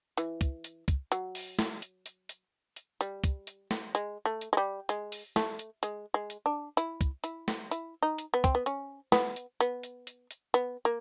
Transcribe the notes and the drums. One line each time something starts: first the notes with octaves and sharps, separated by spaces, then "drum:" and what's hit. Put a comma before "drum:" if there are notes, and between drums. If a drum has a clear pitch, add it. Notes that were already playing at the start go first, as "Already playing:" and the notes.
E3, drum: hi-hat
drum: kick, hi-hat
drum: hi-hat
drum: kick, hi-hat
F#3, drum: hi-hat
drum: open hi-hat
drum: snare
drum: hi-hat
drum: hi-hat
drum: hi-hat
drum: hi-hat
G3, drum: hi-hat
drum: kick, hi-hat
drum: hi-hat
drum: snare
G#3, drum: hi-hat
A3
drum: hi-hat
G#3
G3
G#3, drum: hi-hat
drum: open hi-hat
A3, drum: snare
drum: hi-hat
G#3, drum: hi-hat
G#3
drum: hi-hat
D4
E4, drum: hi-hat
drum: kick, hi-hat
E4, drum: hi-hat
drum: snare
E4, drum: hi-hat
D#4
drum: hi-hat
B3
C4, drum: kick, hi-hat
B3
C#4, drum: hi-hat
B3, drum: snare
drum: hi-hat
B3, drum: hi-hat
drum: hi-hat
drum: hi-hat
drum: hi-hat
B3, drum: hi-hat
A#3